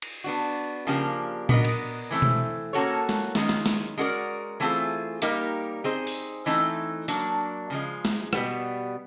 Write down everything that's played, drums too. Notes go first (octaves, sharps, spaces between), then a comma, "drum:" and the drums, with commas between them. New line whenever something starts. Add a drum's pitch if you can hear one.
drum: cymbal
B3 D4 F#4
C#3 F3 A#3 D4 G4
B3 D4 F#4 A#4 D#5, drum: tom A#2
drum: cymbal
E3 A3 C4
drum: tom B2
A#3 C#4 F#4 A4 C#5
drum: snare
D#3 G#3 C#4, drum: snare
drum: snare
drum: snare
G#3 C#4 F#4 A#4 D5
E3 A3 C4 F4 G#4
G3 A#3 D#4 G4 A#4, drum: hi-hat
C4 D#4 G#4 C5
drum: open hi-hat
E3 A3 C4 D#4
F#3 A#3 D4, drum: open hi-hat
C#3 F3 G#3
drum: snare
B2 G3 B3, drum: rim click